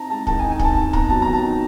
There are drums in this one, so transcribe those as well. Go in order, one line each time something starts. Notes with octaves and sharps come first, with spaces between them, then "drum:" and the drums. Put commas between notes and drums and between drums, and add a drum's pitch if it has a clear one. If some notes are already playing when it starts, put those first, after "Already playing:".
Already playing: C4 D#4 A5 A#5
G#3 A5
D#3 A5, drum: kick
G#5
D#4
G#5
C4 A5, drum: kick
D#4 A5
B3 A#5, drum: kick
F#3 A5
A#5
D#3
A5
D#4